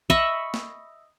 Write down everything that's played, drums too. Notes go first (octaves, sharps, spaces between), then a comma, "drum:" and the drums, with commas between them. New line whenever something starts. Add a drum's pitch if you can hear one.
D#5 E5 B5 C#6, drum: kick
drum: snare